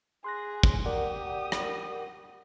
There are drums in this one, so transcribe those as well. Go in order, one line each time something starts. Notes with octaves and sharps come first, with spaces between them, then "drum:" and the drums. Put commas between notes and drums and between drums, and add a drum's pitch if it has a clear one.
G#4 C6 F#6 A#6
drum: kick
G4 A#4 D5 F#5 D#6
drum: rim click